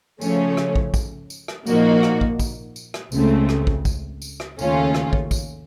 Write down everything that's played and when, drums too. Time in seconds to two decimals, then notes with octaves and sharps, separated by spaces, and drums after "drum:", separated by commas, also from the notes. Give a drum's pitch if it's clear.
0.21 C#3 F3 A3 C#4, drum: tambourine
0.57 drum: rim click
0.75 drum: kick
0.94 drum: kick, tambourine
1.30 drum: tambourine
1.48 drum: rim click
1.66 A#2 F3 A#3 D#4 F#4, drum: tambourine
2.03 drum: rim click
2.21 drum: kick
2.39 drum: kick, tambourine
2.76 drum: tambourine
2.94 drum: rim click
3.12 C#2 C#3 A3 C4, drum: tambourine
3.49 drum: rim click
3.67 drum: kick
3.85 drum: kick, tambourine
4.22 drum: tambourine
4.40 drum: rim click
4.59 D#2 C#3 A3 C#4 F4, drum: tambourine
4.95 drum: rim click
5.13 drum: kick
5.31 drum: kick, tambourine